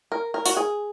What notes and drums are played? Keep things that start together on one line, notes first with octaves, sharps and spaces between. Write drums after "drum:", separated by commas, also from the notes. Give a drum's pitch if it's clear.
A#4
A#4
F#4, drum: open hi-hat
G#4